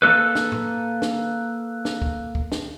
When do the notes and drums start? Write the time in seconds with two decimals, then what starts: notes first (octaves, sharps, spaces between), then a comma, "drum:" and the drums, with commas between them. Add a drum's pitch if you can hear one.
0.02 A#3 A4 B4
0.35 drum: snare
0.52 drum: tom A2
1.02 drum: snare
1.85 drum: snare
2.02 drum: kick
2.35 drum: kick
2.52 drum: snare